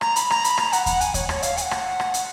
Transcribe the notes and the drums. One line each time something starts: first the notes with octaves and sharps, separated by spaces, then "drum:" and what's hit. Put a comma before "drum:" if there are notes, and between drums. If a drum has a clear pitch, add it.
A#5, drum: rim click
B5, drum: hi-hat
A#5, drum: rim click
B5, drum: hi-hat
A#5, drum: rim click
F#5, drum: hi-hat
F#5, drum: kick D#2, hi-hat
G#5, drum: hi-hat
C#5, drum: kick D#2, hi-hat
C#5, drum: rim click
F5, drum: hi-hat
G#5, drum: hi-hat
F#5
drum: rim click
drum: rim click
drum: hi-hat